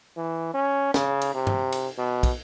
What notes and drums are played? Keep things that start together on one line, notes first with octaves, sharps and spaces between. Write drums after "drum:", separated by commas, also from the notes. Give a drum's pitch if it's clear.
E3
C#4
C#3, drum: snare
drum: cymbal
C3
drum: tom G2
drum: cymbal
B2
drum: kick, cymbal